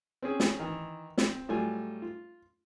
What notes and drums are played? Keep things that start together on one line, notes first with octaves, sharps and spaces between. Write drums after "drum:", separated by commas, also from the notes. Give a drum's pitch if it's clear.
C4 C#4 G#4
drum: snare
D#3 E3
C4, drum: snare
A2 F#3 G3 A3 F4 G#5
F4